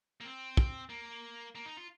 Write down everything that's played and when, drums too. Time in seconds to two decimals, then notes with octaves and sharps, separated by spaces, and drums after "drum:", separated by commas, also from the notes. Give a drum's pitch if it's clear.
0.21 A#3
0.24 C4
0.57 drum: kick
0.89 A#3
1.55 A#3
1.66 D#4
1.77 F4